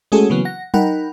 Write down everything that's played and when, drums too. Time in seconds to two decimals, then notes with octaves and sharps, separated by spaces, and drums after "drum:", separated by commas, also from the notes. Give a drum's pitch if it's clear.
0.12 G#3 A3 C#4 F#4 G#4 A4
0.30 C#3 E3 F#3 A#3 B3
0.45 F#5 A#6
0.74 D#4 A#4 F#5 G5 B5, drum: tom F#3